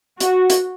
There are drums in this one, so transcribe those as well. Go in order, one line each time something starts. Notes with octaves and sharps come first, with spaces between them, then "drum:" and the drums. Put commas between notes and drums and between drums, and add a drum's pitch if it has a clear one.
F#4, drum: hi-hat
drum: hi-hat